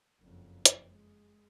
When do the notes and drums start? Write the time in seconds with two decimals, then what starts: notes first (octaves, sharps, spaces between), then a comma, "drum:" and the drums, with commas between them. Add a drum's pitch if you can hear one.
0.21 F#1 F2
0.65 drum: hi-hat
0.89 G#3